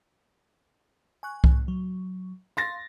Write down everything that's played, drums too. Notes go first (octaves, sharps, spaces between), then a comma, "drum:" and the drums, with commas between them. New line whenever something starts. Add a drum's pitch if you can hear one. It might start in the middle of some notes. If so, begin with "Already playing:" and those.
G#5 C#6 F#6
drum: kick C2
F#3
F5 C6 A6 A#6